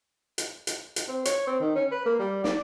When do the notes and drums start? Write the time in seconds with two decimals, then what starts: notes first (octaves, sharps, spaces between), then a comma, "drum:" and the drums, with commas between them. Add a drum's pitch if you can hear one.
0.38 drum: hi-hat
0.67 drum: hi-hat
0.96 drum: hi-hat
1.08 C4
1.25 C#5, drum: hi-hat
1.47 C4
1.60 D#3
1.75 C#4
1.91 B4
2.05 A#3
2.19 G3
2.44 D5, drum: snare